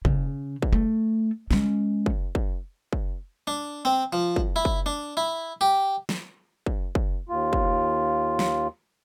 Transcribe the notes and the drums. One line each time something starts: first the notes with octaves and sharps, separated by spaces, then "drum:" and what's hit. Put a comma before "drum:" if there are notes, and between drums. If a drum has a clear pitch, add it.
C#3, drum: kick
drum: kick
A3
G#3 C#4, drum: snare
drum: kick
drum: kick
drum: kick
D4
C4
F3
drum: kick
E4
drum: kick
D4
E4
G4
drum: snare
drum: kick
drum: kick
D#2 F4
drum: kick
drum: snare